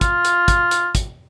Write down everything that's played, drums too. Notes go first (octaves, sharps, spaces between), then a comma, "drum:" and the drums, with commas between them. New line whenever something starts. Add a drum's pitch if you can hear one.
F4, drum: kick, hi-hat
drum: hi-hat
drum: kick, hi-hat
drum: hi-hat
drum: kick, hi-hat